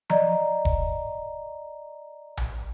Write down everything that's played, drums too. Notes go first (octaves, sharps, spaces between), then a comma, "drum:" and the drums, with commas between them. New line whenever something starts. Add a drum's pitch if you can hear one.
D5 D#5 A#5, drum: tom F3
drum: kick E1
drum: tom A#1